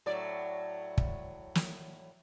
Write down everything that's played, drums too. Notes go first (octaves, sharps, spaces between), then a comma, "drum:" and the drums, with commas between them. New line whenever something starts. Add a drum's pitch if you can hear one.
A2 F#3 D5
drum: kick
drum: snare